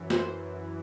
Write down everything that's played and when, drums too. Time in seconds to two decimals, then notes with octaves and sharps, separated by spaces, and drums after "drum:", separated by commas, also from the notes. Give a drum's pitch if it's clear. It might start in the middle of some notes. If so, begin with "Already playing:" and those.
Already playing: F#2 E3
0.10 C5, drum: snare